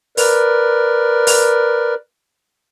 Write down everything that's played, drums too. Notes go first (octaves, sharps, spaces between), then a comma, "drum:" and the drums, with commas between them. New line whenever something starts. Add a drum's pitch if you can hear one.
A#4 B4 D5, drum: open hi-hat
drum: open hi-hat